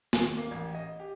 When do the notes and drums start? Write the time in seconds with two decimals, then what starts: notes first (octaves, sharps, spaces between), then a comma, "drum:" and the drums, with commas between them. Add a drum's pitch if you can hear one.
0.13 D#2, drum: snare
0.37 A#3
0.51 A1
0.75 D#5
1.00 G4